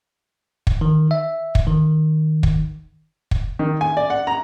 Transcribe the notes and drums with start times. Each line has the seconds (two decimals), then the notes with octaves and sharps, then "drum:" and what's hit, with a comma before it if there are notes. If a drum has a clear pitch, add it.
0.67 drum: kick
0.81 D#3
1.11 E5
1.55 drum: kick
1.67 D#3
2.43 drum: kick
3.31 drum: kick
3.59 D#3
3.81 G#5
3.97 D5
4.10 F#5
4.27 A#5